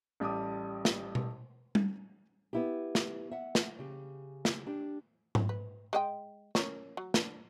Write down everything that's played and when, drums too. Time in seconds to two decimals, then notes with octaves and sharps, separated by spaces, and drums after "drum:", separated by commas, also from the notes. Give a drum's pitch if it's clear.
0.20 A1 G3 A5 D6 D#6
0.85 drum: snare
1.15 drum: tom B2
1.75 drum: tom G3
2.53 B3 E4 G4
2.95 drum: snare
3.31 E5 F#5
3.55 drum: snare
3.79 C#3 G4
4.45 drum: snare
4.67 D4 G4
5.35 drum: tom G#2
5.49 B4
5.93 G#3 D#5 G5
6.55 C#4 A#4 C#5, drum: snare
6.97 F#3
7.14 D4, drum: snare